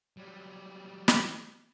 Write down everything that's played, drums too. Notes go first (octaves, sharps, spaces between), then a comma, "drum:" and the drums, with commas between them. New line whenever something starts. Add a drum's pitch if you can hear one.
F#3 G3
drum: snare